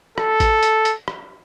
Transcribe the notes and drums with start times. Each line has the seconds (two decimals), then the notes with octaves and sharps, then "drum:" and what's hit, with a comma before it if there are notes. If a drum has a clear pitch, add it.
0.18 A4, drum: rim click
0.40 drum: kick A1, hi-hat
0.63 drum: hi-hat
0.85 drum: hi-hat
1.08 drum: rim click